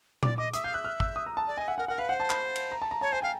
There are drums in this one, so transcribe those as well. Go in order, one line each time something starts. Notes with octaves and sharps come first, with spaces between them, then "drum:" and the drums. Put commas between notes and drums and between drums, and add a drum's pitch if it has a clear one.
D5 D6, drum: tom A#2
D#5 D6
E5 D#6, drum: hi-hat
F5 G6
E5 F#6
F6
E6, drum: kick
D#6
A#5
A5
D5
D#5 G#5
E5 F#5
A#4 F#5
A#4 F#5
B4 F5
C5 F#5
A5
B5, drum: clap
drum: cymbal
A#5
A5
A#5
C#5 A5
C5 G#5
F5 G5